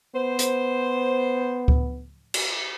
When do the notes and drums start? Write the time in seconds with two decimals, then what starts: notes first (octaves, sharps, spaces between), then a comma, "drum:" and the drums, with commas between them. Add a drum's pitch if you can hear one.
0.15 B3 C5
0.39 drum: hi-hat
1.68 drum: kick C#2
2.34 drum: cymbal